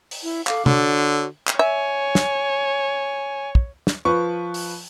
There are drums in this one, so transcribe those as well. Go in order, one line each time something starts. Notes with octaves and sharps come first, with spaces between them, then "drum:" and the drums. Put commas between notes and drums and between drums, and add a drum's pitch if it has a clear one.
drum: open hi-hat
E4
A4 F5 D6, drum: clap
D3 F#4 C#5, drum: tom
drum: clap
C#5 E5 G#5
drum: snare
drum: kick
drum: snare
F3 B4 C#6
drum: open hi-hat